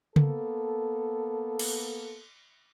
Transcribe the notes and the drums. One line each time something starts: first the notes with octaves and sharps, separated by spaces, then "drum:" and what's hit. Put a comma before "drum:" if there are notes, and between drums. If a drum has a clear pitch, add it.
A#3 B3 A4, drum: tom C#3
drum: cymbal